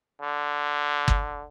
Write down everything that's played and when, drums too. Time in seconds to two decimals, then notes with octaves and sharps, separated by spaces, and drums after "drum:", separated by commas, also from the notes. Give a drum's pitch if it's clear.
0.22 D3
1.08 drum: kick